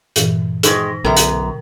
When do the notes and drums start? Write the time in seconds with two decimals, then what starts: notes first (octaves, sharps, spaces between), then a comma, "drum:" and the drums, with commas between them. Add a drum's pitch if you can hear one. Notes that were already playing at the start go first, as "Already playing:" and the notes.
0.16 G2 A#2 E3, drum: hi-hat
0.63 D#3 G#3 D#4 A#6, drum: hi-hat
1.05 B1 F#2 B2 D3 A#4 A#5
1.17 drum: hi-hat